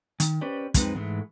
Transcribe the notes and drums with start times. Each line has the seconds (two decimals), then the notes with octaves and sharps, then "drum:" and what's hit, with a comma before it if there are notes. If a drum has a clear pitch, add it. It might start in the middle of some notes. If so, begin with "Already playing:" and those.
0.20 D#3, drum: hi-hat
0.41 C#4 G4 B4 C5 D5
0.74 F2 G#3 C4 D#4 B4, drum: kick, hi-hat
0.94 G#2 E3 G#3 A3